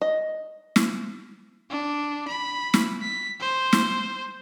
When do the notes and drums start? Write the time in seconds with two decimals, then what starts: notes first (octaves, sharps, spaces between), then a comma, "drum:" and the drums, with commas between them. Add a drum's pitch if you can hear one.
0.02 D#5
0.76 drum: snare
1.70 D4
2.28 B5
2.74 drum: snare
3.01 B6
3.40 C5
3.73 drum: snare